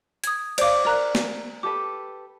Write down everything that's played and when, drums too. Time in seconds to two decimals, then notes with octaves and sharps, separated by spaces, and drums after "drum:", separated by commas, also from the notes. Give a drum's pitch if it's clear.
0.24 D#6 G#6, drum: hi-hat
0.58 C5 D5 F5 D6, drum: cymbal
0.85 A#4 D5 A#5 F#6
1.15 drum: snare
1.63 G4 A4 B4 D6